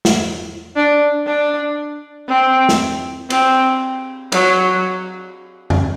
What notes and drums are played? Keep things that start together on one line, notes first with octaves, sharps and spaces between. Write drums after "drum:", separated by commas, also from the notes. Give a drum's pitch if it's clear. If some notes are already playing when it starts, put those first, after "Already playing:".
drum: snare
D4
D4
C4
drum: snare
C4, drum: cymbal
F#3, drum: cymbal
drum: tom F2